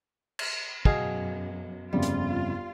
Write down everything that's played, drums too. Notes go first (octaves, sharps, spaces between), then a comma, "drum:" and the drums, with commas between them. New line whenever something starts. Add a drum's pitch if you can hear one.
drum: cymbal
F#2 B2 G#4 F5, drum: kick
G1 F2 C#3 G3 F4
drum: hi-hat